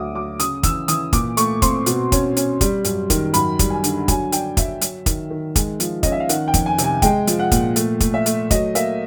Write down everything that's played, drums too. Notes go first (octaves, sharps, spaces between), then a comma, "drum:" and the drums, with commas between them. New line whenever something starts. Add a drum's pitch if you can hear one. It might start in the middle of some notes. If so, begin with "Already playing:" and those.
Already playing: D2 F#3 D6 D#6
F#3 D6
C#3 D#6, drum: hi-hat
E3 E6, drum: kick, hi-hat
E3 D#6, drum: hi-hat
A#2 D6, drum: kick, hi-hat
A3 C#6, drum: hi-hat
C4 C6, drum: kick, hi-hat
B2, drum: hi-hat
C#4, drum: kick, hi-hat
C#4, drum: hi-hat
G3, drum: kick, hi-hat
F#2, drum: hi-hat
D#3, drum: kick, hi-hat
F#2 B5, drum: hi-hat
G3, drum: kick, hi-hat
G#5
D3, drum: hi-hat
F#3 G#5, drum: kick, hi-hat
D4 G5, drum: hi-hat
F#3 E5, drum: kick, hi-hat
F#3, drum: hi-hat
D#3, drum: kick, hi-hat
D#3
G#3, drum: kick, hi-hat
F3, drum: hi-hat
C#4 D#5, drum: kick, hi-hat
E5
F5
D#3 F#5, drum: hi-hat
G5
F2, drum: kick, hi-hat
G#5
C3, drum: hi-hat
G#5
G#3 G5, drum: kick, hi-hat
F3, drum: hi-hat
F#5
A#2, drum: kick, hi-hat
A3, drum: hi-hat
A3, drum: kick, hi-hat
E5
A3, drum: hi-hat
F#3 D#5, drum: kick, hi-hat
A#3 E5, drum: hi-hat